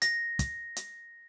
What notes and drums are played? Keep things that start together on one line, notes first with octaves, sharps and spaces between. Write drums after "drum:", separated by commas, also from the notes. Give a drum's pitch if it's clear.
A#6, drum: hi-hat
drum: kick, hi-hat
drum: hi-hat